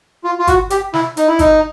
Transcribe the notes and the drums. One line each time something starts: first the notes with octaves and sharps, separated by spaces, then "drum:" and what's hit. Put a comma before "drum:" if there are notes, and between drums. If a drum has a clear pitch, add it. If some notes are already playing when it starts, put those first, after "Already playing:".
F4
F4
F#4, drum: kick, hi-hat
G4, drum: hi-hat
E4, drum: snare
D#4, drum: hi-hat
E4
D#4, drum: kick, hi-hat